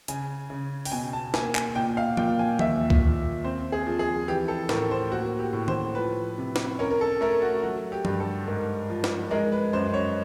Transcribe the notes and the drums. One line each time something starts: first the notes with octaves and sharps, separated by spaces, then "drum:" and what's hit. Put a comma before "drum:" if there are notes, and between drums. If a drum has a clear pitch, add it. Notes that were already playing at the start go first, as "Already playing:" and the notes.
C#3 G#5, drum: hi-hat
C#3
G5, drum: open hi-hat
B2 G#5
A5
A#3 G#5, drum: snare
G#5, drum: clap
A#2 G5
F5
A#2 G5, drum: tom
G#5
D#2 E5, drum: tom
drum: kick
D#2
C4 C5
G#4
F3
G#4
E3 G4
A4
A2 A#4, drum: snare
C5
A#3 F#4
G4
A2
C5, drum: tom
F3 B4
C3
drum: snare
C#4 A#4
A#4
A4
A3 A#4
F#4
F#3 F#4
G4
G2, drum: tom
A4
G#2 A#4
F3
drum: snare
G#3 A#4
B4
F#2 C5
C#5